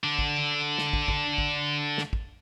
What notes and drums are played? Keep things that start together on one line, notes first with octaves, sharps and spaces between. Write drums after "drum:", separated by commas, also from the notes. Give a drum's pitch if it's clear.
D3 D4
drum: kick
drum: snare
drum: kick
drum: kick
drum: kick
drum: snare
drum: kick